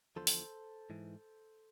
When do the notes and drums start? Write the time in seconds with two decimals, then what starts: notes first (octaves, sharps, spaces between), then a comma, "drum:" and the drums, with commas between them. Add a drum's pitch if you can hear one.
0.16 E2 D3 F3 A4 C5
0.27 drum: open hi-hat
0.90 G#2 E3